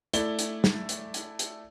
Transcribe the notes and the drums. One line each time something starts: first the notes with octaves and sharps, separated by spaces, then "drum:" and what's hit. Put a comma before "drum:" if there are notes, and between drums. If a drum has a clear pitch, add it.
A3 E4 D5 G7, drum: hi-hat
drum: hi-hat
drum: snare
drum: hi-hat
drum: hi-hat
drum: hi-hat